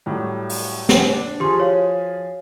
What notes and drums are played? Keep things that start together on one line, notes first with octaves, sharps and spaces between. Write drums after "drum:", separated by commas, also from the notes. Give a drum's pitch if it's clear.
A2 F#3 G3
drum: open hi-hat
drum: snare
D4
F3 G4 G#4 C6
F#4 C#5 F5